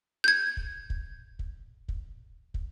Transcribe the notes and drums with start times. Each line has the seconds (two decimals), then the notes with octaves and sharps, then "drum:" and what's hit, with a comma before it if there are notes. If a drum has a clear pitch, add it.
0.24 G6 G#6
0.57 drum: kick
0.90 drum: kick
1.39 drum: kick
1.88 drum: kick
2.54 drum: kick